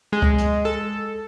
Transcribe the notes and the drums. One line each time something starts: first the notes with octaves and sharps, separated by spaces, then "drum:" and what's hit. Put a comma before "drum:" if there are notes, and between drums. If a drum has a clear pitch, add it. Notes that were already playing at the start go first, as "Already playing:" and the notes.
G#3
drum: kick C#2
drum: hi-hat
A4